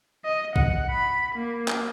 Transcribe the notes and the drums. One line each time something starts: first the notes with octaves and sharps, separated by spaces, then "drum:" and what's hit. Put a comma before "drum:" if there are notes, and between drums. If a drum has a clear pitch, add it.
D#5
F#5, drum: kick A#1
B5
A#3
drum: clap